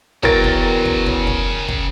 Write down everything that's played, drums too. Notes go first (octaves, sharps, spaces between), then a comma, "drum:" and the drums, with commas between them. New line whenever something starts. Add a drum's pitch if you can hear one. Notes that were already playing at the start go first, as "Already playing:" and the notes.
E2 C#3 F#3 A#4 G5 A6, drum: kick
drum: kick
drum: kick
drum: kick
drum: kick
drum: kick